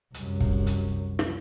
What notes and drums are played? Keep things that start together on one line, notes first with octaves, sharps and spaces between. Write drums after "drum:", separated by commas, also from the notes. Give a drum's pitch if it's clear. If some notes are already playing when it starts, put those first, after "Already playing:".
C2 F#2, drum: hi-hat
drum: kick
drum: hi-hat
drum: rim click